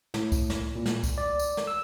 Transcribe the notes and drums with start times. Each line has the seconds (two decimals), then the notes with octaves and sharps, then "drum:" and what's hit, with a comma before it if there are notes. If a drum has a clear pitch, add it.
0.14 A2, drum: snare
0.32 drum: kick, tambourine
0.50 drum: snare
0.76 A#2
0.86 drum: snare
1.04 drum: kick, tambourine
1.18 D5
1.39 drum: tambourine
1.57 drum: snare
1.67 E6